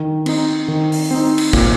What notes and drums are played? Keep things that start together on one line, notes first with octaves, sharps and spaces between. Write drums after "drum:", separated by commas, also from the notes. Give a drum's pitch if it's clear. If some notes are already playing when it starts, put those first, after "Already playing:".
Already playing: D#3
C4 D#4, drum: cymbal
D#3
drum: open hi-hat
C4 D#4
drum: cymbal
A#2, drum: kick